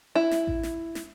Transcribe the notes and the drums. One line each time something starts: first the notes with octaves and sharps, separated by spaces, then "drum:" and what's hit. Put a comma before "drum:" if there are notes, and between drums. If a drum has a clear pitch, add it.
E4
drum: snare
drum: kick A1
drum: snare
drum: snare